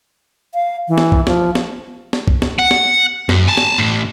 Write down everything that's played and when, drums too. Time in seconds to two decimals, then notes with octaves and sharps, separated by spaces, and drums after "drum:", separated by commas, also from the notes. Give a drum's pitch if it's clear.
0.54 F5
0.88 E3
0.98 drum: snare
1.12 drum: kick
1.27 F3, drum: snare
1.55 drum: snare
2.13 drum: snare
2.28 drum: kick
2.42 drum: snare
2.59 F#5
2.71 drum: snare
3.29 F#2, drum: snare
3.47 G#5 A5
3.57 drum: snare
3.78 A2 E3